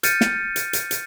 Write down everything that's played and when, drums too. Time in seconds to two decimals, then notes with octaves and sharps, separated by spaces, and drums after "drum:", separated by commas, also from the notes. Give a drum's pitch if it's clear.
0.03 F6 G6 A6 C#7 D#7, drum: hi-hat
0.21 drum: snare
0.56 drum: hi-hat
0.73 drum: hi-hat
0.91 drum: hi-hat